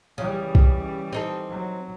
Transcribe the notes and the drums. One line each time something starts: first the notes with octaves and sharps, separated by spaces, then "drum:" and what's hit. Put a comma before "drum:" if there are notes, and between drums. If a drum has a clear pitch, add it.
C#3 E3 G3
drum: kick
C4 D#4 A4
F#3